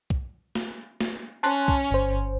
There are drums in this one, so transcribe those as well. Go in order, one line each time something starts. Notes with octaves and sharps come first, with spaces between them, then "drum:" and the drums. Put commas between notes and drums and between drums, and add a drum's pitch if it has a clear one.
drum: kick
drum: snare
drum: snare
C#4 A5 C6 F#6
drum: kick
G1 C5